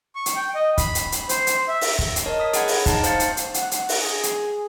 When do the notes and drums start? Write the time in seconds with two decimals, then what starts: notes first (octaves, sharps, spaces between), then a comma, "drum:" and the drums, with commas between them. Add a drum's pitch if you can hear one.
0.15 C#6
0.26 drum: hi-hat
0.36 G5
0.55 D#5
0.78 B5, drum: kick, hi-hat
0.95 drum: hi-hat
1.12 drum: hi-hat
1.29 C5, drum: hi-hat
1.47 drum: hi-hat
1.68 E5
1.81 drum: open hi-hat
1.99 drum: kick
2.16 drum: hi-hat
2.26 A#4 C#5 D#5 A5
2.40 D#6 B6
2.53 G#4 C#5 F#5 B5 G#6, drum: hi-hat
2.68 drum: open hi-hat
2.86 D#4 A5, drum: kick, hi-hat
3.03 C5 F5 G6 A6 C#7, drum: hi-hat
3.20 drum: hi-hat
3.37 drum: hi-hat
3.54 F#5, drum: hi-hat
3.71 drum: hi-hat
3.89 drum: open hi-hat
4.00 G#4
4.23 drum: hi-hat